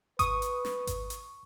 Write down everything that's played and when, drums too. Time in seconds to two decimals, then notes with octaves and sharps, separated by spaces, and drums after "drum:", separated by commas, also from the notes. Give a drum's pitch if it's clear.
0.19 B4 C#6 D#6, drum: kick G#1, hi-hat
0.42 drum: hi-hat
0.65 drum: snare
0.87 drum: kick G#1, hi-hat
1.10 drum: hi-hat